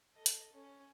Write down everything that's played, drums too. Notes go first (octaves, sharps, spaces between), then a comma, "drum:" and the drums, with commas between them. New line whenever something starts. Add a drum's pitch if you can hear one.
A4 D#5
drum: hi-hat
C#4